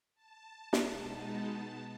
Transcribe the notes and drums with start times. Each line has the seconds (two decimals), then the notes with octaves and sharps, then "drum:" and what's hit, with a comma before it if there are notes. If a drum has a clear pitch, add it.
0.15 A5
0.73 drum: snare
0.92 B2 G#3 B3 D#4